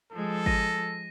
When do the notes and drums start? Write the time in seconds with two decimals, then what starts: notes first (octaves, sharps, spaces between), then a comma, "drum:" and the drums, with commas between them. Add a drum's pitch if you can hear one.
0.12 F3 G#3 A4
0.46 A#6 D#7, drum: kick